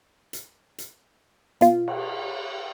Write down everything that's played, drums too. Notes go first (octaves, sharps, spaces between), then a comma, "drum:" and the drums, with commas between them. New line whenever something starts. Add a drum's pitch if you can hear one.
drum: hi-hat
drum: hi-hat
B2 F4, drum: hi-hat
drum: cymbal